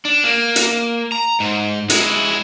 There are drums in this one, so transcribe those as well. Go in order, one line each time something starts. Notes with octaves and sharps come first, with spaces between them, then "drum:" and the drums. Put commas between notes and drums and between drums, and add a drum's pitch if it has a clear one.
D4
A#3
drum: hi-hat
A#5
G#2
G#3 E4, drum: hi-hat